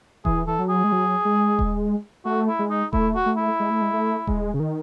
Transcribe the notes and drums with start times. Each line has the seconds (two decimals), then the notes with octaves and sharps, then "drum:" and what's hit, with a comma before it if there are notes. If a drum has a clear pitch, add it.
0.25 E3 G#4, drum: kick D#1
0.47 E3 A4
0.59 F#3
0.69 G#4
0.84 G#3
0.92 F#3
1.25 G#3
1.59 drum: kick D#1
2.25 A3 F#4
2.48 E4
2.59 G#3
2.70 D#4
2.93 A3 E4, drum: kick D#1
3.15 F#4
3.26 A3
3.37 E4
3.60 G#3
3.71 A3
3.81 G#3
3.93 A3
4.27 G#3, drum: kick D#1
4.54 C#3
4.60 D#3